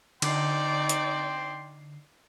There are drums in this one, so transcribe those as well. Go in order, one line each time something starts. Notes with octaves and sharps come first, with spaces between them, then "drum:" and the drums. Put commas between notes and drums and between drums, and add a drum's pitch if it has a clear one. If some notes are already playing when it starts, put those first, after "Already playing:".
D3 D#4 D5 G5 C6 C7, drum: cymbal
drum: hi-hat